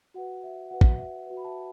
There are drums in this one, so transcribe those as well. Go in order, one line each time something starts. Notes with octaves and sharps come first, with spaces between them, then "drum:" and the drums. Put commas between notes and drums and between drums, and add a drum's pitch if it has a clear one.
F#4 B4 F#5
E5
F#4 B4 F#5
drum: kick
E5
F#4 B4
B5
E5 A5